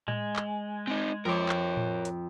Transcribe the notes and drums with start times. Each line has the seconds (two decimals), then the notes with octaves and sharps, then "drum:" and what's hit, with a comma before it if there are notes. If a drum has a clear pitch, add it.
0.08 G#3, drum: tom A2
0.36 drum: clap
0.87 C4 D#4
1.25 F2 A#4 C#5 D6
1.49 drum: clap
1.77 drum: tom A2
2.05 drum: hi-hat